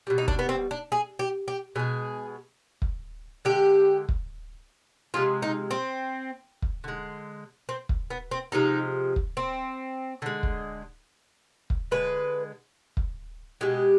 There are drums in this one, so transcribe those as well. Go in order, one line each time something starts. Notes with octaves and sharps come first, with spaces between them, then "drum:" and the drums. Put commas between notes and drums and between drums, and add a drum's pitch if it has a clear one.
B2 G3
D#4
D4, drum: kick
B3
C4
D4
G#4
G4
G4
B2 G#3 G#4
drum: kick
D3 G#3 G4
drum: kick
C3 F3 G#3 F4
D#4
C4
drum: kick
D3 G#3
C4
drum: kick
B3
C4
C3 F3 G#3 D#4
drum: kick
C4
D3 G#3
drum: kick
drum: kick
D3 G#3 B4
drum: kick
B2 G#3 G4